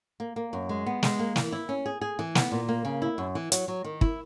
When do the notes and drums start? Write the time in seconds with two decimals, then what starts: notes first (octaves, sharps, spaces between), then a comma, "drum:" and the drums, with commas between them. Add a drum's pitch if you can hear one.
0.20 A#3
0.36 A#3
0.53 F#2
0.69 G#3
0.86 B3
1.03 G#3, drum: snare
1.19 A#3
1.36 E3, drum: snare
1.52 E4
1.69 C#4
1.86 G#4
2.01 G#4
2.19 E3
2.35 B3, drum: snare
2.52 A#2
2.69 A#3
2.85 C#3
3.02 E4
3.18 F#2
3.35 E3
3.52 F#3, drum: hi-hat
3.68 F#3
3.84 D#3
4.01 E4, drum: kick